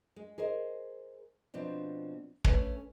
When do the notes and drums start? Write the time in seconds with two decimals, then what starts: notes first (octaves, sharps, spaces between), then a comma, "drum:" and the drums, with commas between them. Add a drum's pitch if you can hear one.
0.16 G#3
0.38 G#4 A#4 C5 D#5
1.54 B2 F3 C4 D4
2.45 A3 C#4 B4 C#5, drum: kick